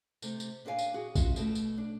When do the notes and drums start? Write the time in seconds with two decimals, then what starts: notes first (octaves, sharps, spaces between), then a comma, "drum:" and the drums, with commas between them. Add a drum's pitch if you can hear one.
0.22 C3 A3, drum: tambourine
0.40 drum: tambourine
0.65 A#2 D4 F#4 B4 F5 G#5
0.78 drum: tambourine
0.94 F#4 G#4
1.15 C#4 F4 F#4 E5, drum: kick A1, tambourine
1.36 B2 A3, drum: tambourine
1.55 drum: tambourine
1.78 D4